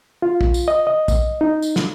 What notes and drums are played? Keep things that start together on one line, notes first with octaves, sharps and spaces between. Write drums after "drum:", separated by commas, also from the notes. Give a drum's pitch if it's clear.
F4
drum: kick
drum: tambourine
D#5
D#5
drum: kick, tambourine
D#4
drum: tambourine
drum: snare